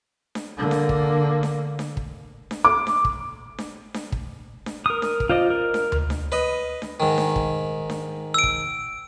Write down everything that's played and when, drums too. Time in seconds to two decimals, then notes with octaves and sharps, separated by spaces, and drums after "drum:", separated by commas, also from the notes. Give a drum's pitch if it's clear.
0.35 drum: snare D4
0.57 D3 A#3
0.71 drum: snare D4
0.89 drum: kick
1.43 drum: snare D4
1.79 drum: snare D4
1.97 drum: kick
2.51 drum: snare D4
2.65 D6
2.87 drum: snare D4
3.05 drum: kick
3.58 drum: snare D4
3.94 drum: snare D4
4.12 drum: kick
4.66 drum: snare D4
4.86 A#4 D#6
5.02 drum: snare D4
5.20 drum: kick
5.29 F4 C5 D5 D#5
5.50 A#4
5.74 drum: snare D4
5.92 drum: tom D2
6.10 drum: snare D4
6.32 B4 D#5
6.82 drum: snare D4
7.00 G#2 D#3
7.18 drum: snare D4
7.36 drum: kick
7.90 drum: snare D4
8.34 E6 D7
8.43 drum: kick